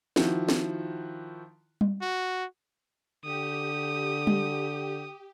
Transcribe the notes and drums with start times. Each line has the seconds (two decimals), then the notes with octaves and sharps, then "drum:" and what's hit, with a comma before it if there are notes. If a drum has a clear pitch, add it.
0.16 D#3 F3 E4 F#4, drum: snare
0.49 drum: snare
1.81 drum: tom G3
2.02 F#4
3.25 D3 G4 D#6
4.27 drum: tom G3